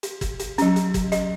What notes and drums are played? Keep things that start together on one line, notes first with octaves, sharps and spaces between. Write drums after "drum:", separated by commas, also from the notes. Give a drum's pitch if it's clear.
drum: hi-hat
drum: kick, hi-hat
drum: hi-hat
F#3 C#4, drum: hi-hat
drum: hi-hat
drum: kick, hi-hat
D#5, drum: hi-hat